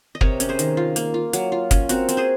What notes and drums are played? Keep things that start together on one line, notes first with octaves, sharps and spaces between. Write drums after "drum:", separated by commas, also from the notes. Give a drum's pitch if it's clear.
D#5
C3 A#4 C#5, drum: kick
C#4, drum: hi-hat
G#4 C5
D#3, drum: hi-hat
F4
A#3, drum: hi-hat
F4
F#3, drum: hi-hat
F4
C#4, drum: kick, hi-hat
C4 F#4 A#4, drum: hi-hat
C4, drum: hi-hat
G#4 C5